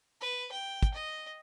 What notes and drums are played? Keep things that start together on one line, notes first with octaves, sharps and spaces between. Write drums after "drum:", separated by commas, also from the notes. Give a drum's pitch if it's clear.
B4
G5
drum: kick, hi-hat
D#5